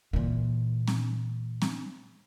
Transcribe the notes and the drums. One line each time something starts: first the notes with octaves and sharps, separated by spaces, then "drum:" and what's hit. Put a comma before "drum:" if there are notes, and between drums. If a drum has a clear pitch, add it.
A#2 E3
drum: snare C4
drum: snare C4